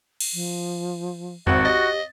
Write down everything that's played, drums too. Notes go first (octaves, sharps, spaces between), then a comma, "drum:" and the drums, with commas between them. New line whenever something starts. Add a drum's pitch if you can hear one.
drum: cymbal
F3
G#1 C4 F#4 E5 F#5, drum: tom E2
G4 D#5 A6 A#6